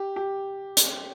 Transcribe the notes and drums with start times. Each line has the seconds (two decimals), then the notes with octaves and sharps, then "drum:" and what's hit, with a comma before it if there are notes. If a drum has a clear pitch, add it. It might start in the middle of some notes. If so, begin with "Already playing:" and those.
Already playing: G4
0.16 G4
0.77 drum: hi-hat